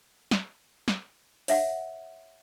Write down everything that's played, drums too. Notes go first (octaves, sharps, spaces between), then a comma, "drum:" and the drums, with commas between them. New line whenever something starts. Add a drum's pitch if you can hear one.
drum: snare
drum: snare
C#5 E5 F#5, drum: open hi-hat